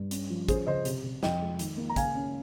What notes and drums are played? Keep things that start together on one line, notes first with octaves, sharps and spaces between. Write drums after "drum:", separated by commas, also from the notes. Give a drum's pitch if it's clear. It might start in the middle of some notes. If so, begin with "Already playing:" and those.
Already playing: G2
C#4, drum: hi-hat
F3
C#4 G#4 C5, drum: kick, hi-hat
C#3 C5 D#5
C3, drum: hi-hat
C3
F2 D#5 G5, drum: snare
G#3
D#3, drum: hi-hat
A#3
A#5
C#3 F5 G#5, drum: kick, hi-hat
C#4